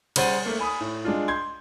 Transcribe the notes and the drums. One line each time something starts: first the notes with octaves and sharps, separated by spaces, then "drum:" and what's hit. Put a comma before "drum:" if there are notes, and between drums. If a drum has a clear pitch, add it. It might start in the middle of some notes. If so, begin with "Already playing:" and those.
C#3 G3 C5 F#5 A6 D#7, drum: cymbal
A3 A#3
G#5 B5 D#6
A2
G#3 D4 F4
C6 G6 G#6